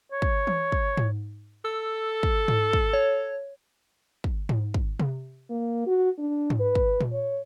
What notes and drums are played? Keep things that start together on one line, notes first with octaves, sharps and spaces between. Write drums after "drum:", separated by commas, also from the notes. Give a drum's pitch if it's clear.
C#5
drum: kick
drum: tom E3
drum: kick
drum: tom G#2
A4 E6
drum: kick
drum: tom G#2
drum: kick
C#5
drum: kick
drum: tom G#2
drum: kick
drum: tom C3
A#3
F#4
D4
drum: tom G#2
B4
drum: kick
drum: tom A#2
C#5